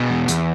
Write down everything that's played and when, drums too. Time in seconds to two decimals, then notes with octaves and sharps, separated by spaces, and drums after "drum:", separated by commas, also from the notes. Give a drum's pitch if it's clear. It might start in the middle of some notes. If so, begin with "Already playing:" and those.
Already playing: B2 G#4
0.11 E2
0.28 E2, drum: hi-hat